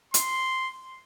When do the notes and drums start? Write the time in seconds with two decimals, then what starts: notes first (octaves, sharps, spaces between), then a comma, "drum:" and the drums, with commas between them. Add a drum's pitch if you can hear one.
0.14 C6, drum: hi-hat